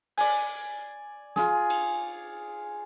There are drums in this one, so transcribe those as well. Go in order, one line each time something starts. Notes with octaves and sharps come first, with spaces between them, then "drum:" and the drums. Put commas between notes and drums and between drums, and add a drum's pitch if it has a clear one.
D5 G#5, drum: open hi-hat
F4 G#4, drum: snare
drum: cymbal